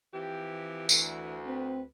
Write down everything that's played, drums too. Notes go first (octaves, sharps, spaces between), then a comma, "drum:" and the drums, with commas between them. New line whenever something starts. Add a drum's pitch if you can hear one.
E3 F3 C4 G4
D2, drum: tambourine
C4 B4